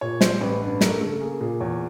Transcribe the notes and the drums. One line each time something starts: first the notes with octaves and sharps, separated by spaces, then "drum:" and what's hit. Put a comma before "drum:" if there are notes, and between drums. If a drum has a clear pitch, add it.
A#2 C#5
G3 C5, drum: snare
A1 B4
G2 B4
A3 A#4, drum: snare
C#3 A4
A#3 G#4
A#2 G#4
E2 C#5